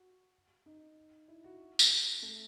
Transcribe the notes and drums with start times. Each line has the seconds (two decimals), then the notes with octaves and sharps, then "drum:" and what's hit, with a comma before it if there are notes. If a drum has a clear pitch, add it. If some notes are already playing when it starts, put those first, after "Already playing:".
Already playing: F#4
0.66 D#4
1.28 E4
1.44 F#4
1.79 drum: tambourine
2.22 A3